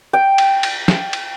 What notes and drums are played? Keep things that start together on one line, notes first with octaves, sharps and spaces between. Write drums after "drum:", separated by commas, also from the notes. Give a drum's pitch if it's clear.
G5
drum: cymbal
drum: cymbal
drum: snare
drum: cymbal